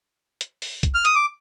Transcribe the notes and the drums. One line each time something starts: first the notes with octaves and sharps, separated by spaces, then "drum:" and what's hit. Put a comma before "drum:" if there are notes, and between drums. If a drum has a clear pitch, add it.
drum: hi-hat
drum: open hi-hat
drum: kick, hi-hat
F6
D#6, drum: hi-hat
D6